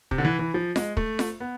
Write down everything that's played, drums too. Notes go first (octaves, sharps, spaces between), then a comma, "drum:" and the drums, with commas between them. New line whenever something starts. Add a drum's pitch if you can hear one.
C3, drum: kick
D3
E3
E3
F3
G#3, drum: snare F4
A3, drum: kick
drum: snare F4
B3